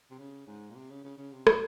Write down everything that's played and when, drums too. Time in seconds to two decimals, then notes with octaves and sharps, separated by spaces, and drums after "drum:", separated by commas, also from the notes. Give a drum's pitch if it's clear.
0.11 C3
0.19 C#3
0.47 G#2
0.70 A#2
0.75 C3
0.90 C#3
1.04 C#3
1.18 C#3
1.33 C3
1.47 A#2, drum: rim click